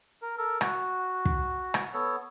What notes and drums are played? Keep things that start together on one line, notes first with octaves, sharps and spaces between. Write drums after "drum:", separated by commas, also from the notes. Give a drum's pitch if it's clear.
A#4
A4 A#4
F#4, drum: rim click
drum: kick
drum: rim click
B3 A4 C#5